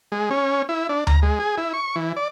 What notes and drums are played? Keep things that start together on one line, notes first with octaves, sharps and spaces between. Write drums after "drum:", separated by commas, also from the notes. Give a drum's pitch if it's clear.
G#3
C#4
E4
D4
A#5, drum: tom D2
G#3
G#4
E4
C#6
E3
D5